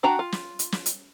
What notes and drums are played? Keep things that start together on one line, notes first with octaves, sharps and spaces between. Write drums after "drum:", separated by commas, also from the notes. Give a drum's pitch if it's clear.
D4 F#4 G5 A#5
F4
drum: snare
drum: hi-hat
drum: snare
drum: hi-hat